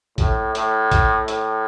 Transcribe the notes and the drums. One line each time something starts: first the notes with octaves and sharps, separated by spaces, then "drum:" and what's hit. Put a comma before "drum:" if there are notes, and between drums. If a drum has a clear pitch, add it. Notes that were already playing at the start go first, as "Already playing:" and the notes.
A2, drum: kick A#1, hi-hat
A2, drum: hi-hat
drum: kick A#1, hi-hat
A2, drum: hi-hat